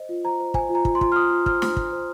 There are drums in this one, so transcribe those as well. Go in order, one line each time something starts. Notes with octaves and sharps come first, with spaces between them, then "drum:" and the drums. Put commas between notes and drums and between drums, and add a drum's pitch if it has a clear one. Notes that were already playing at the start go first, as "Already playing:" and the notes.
Already playing: C5 D#5
F4
C5 A#5
C5
C5 G#5, drum: kick
F4
A#5
F4, drum: kick
C6
F4, drum: kick
F6
F4 D#6
F4
C5 F6, drum: kick
C5, drum: snare
F4, drum: kick
C5